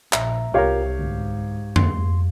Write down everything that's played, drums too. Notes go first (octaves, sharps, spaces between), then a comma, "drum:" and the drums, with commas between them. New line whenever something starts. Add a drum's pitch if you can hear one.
A#1 E5 A#5, drum: clap
C2 F4 G4 A#4 C#5 F5
D2 G#2
C6, drum: tom F2